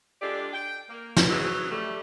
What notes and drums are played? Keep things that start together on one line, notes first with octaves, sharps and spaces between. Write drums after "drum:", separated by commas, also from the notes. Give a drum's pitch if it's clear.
G#3 D4 F4 G4 A4 D5
G5
A#3
drum: snare
G#2 C#3 E3 F#3
G3 A3